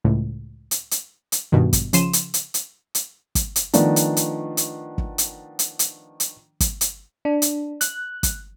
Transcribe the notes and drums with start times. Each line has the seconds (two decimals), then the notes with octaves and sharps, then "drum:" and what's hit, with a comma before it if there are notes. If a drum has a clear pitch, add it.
0.05 C#2 A2
0.71 drum: hi-hat
0.91 drum: hi-hat
1.32 drum: hi-hat
1.52 G2 B2 D#3
1.73 drum: kick, hi-hat
1.93 C#3 F3 C6 D#7 E7, drum: hi-hat
2.13 drum: hi-hat
2.34 drum: hi-hat
2.54 drum: hi-hat
2.95 drum: hi-hat
3.35 drum: kick, hi-hat
3.56 drum: hi-hat
3.73 D#3 F3 A3 B3 D4, drum: hi-hat
3.96 drum: hi-hat
4.17 drum: hi-hat
4.57 drum: hi-hat
4.98 drum: kick
5.18 drum: hi-hat
5.59 drum: hi-hat
5.79 drum: hi-hat
6.20 drum: hi-hat
6.60 drum: kick, hi-hat
6.81 drum: hi-hat
7.25 D4
7.42 drum: hi-hat
7.81 F#6, drum: hi-hat
8.23 drum: kick, hi-hat